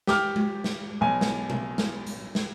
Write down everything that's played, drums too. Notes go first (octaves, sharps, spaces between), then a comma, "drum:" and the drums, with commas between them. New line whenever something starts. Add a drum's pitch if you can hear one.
G4 D6 F6, drum: snare
drum: tom G#3
drum: snare
B1 G#5
drum: snare
drum: tom B2
drum: snare
drum: hi-hat
drum: snare